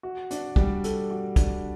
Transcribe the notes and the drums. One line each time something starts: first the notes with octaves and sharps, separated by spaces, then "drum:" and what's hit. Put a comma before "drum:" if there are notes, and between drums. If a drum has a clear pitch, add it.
F#4
D4, drum: hi-hat
G3, drum: kick
A4, drum: hi-hat
F#4
D4, drum: kick, hi-hat